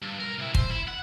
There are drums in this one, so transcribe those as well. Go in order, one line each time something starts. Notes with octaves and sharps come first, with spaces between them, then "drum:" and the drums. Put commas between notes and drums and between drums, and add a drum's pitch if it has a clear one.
G2
B1 A#4
C3 E4
C5, drum: kick
E4
F#5